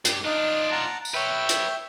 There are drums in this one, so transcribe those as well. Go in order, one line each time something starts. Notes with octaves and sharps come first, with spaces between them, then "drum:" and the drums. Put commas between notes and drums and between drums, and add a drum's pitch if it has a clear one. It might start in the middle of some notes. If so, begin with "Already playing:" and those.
G2 G4, drum: hi-hat
D4 D#4 F4 F#6
F#5 A5 A#5
drum: tambourine
B4 C#5 E5 G5
drum: hi-hat